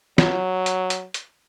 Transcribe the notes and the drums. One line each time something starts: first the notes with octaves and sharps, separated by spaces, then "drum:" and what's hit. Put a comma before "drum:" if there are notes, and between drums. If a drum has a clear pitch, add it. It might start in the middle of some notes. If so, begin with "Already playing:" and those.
F#3, drum: snare
drum: hi-hat
drum: hi-hat
drum: hi-hat